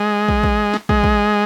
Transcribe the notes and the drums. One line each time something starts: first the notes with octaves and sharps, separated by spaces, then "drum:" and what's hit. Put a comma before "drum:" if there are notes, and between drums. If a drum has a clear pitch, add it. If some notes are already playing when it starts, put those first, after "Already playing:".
Already playing: G#3
drum: kick
drum: kick
drum: snare
G#3, drum: kick
drum: kick